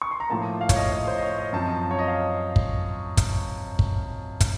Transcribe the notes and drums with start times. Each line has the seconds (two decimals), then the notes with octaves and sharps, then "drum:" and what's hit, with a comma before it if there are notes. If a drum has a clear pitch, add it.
0.02 C#6
0.11 C6
0.20 A#5
0.30 A2 F3 A#3 A5
0.61 F5
0.69 C#5, drum: kick, hi-hat
0.76 D#5
0.92 C#5
1.07 C5
1.18 D#5
1.23 C#5
1.38 D#5
1.53 F#2 F3 C4 A5
1.91 C#5
1.99 D#5
2.08 F5
2.56 drum: kick
3.17 drum: kick, hi-hat
3.79 drum: kick
4.40 drum: kick, hi-hat